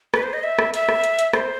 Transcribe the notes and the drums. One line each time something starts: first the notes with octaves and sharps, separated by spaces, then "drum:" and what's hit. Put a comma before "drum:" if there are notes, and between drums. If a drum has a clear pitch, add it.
B4, drum: rim click
C5
D#5
E5
drum: rim click
E5, drum: hi-hat
drum: rim click
drum: hi-hat
drum: hi-hat
C5, drum: rim click